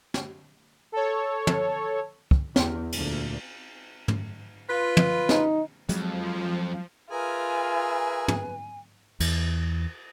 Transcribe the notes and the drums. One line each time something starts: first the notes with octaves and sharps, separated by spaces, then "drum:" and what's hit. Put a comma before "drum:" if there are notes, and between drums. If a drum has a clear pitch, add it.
drum: snare
A4 C#5
drum: tom
drum: kick
E2, drum: snare
D2 A#2, drum: cymbal
drum: tom
F4 B4
drum: tom
D#4, drum: snare
F2 F3 F#3 G#3, drum: hi-hat
F4 G#4 A#4 B4 E5 G#5
drum: tom
E2, drum: cymbal